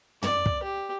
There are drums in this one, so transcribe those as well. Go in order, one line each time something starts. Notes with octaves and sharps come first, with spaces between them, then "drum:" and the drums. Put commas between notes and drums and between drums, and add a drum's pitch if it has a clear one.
D5, drum: tom
drum: kick
G4